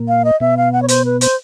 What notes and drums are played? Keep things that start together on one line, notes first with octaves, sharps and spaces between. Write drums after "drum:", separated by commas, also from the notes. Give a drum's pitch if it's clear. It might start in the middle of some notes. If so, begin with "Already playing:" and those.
Already playing: A#2 A#3
F5
D#5
B2 B3 E5
F5
F#5
C#5
C5, drum: hi-hat
B4
C5, drum: hi-hat